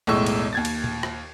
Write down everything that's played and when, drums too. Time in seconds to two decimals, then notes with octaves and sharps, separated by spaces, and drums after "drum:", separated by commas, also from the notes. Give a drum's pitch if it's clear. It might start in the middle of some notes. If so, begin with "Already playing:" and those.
0.07 B1 E2 A2 G#3 C#6 E6
0.26 drum: cymbal
0.53 D#2 G#6 A6
0.65 drum: cymbal
0.84 drum: tom A#2
1.03 drum: rim click